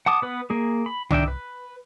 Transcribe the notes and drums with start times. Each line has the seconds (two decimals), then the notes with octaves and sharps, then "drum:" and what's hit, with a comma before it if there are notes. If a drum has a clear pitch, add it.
0.06 F#5 A5 D6 D#6
0.22 B3 B4
0.50 A#3 G#4
0.86 B5
1.11 D#3 D4 E5 G5, drum: tom C2
1.28 B4